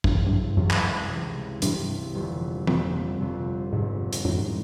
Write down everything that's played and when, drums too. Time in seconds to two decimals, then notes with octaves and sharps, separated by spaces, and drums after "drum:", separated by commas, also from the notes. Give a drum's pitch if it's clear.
0.04 C#2 G2 C3 E3, drum: kick
0.15 F#2
0.27 G2
0.57 C#2 F#2 C3 E3
0.71 drum: clap
1.09 C#2 C3 E3
1.62 C#2 G2 C3 E3, drum: hi-hat
2.15 G1 F2 C3
2.67 G1 F2 C3, drum: tom E3
3.20 G1 F2 C3
3.73 G1 F2 G#2 C3
4.13 drum: hi-hat
4.24 F#2 A2 E3 G#3 C4 D#4